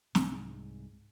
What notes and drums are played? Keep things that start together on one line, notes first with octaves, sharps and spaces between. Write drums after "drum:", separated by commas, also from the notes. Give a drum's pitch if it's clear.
C2 G#2, drum: snare